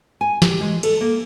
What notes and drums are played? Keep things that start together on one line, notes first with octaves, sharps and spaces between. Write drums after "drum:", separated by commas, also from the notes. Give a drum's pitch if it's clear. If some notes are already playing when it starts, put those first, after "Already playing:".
G#5
G4, drum: snare
G#3
A4, drum: cymbal
A#3